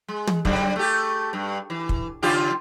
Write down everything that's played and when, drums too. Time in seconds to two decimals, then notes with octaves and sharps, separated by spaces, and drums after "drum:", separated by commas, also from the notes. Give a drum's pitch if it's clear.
0.08 G#3
0.27 drum: tom
0.45 F#2 D3 G3, drum: kick
0.76 A3 G4
1.33 G2
1.70 E3
1.89 drum: kick
2.23 C#3 F4 G4